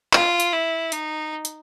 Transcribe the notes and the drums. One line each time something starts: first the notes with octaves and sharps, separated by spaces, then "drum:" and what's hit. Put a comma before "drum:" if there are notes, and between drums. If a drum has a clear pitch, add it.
F4, drum: clap
drum: hi-hat
E4
D#4, drum: hi-hat
drum: hi-hat